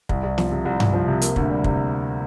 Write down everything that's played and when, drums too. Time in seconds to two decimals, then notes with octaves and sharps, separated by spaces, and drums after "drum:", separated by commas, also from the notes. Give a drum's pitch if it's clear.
0.09 C2, drum: kick
0.23 C2
0.38 F3, drum: snare
0.51 C3
0.65 C2
0.80 C2, drum: tom G2
0.93 F3
1.08 C3
1.22 A#3, drum: hi-hat
1.36 D2, drum: kick
1.50 G3
1.64 C3, drum: kick